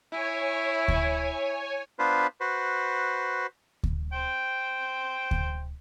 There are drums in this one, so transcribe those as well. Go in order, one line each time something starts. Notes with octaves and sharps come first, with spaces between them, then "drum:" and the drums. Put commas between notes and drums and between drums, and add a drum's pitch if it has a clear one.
E4 C#5 G#5
drum: kick D2
B3 D4 F4 B4 C5
F#4 B4 C5
drum: kick D2
C5 G5
drum: kick D2